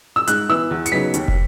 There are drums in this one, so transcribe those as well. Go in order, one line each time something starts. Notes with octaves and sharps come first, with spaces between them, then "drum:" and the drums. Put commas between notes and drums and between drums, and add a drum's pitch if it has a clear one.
E6
G#2 F#6, drum: hi-hat
E3 B3 E4 E6
E2
C#7, drum: hi-hat
C#3 F#3 B3 D#4 B6
D#2, drum: hi-hat
drum: kick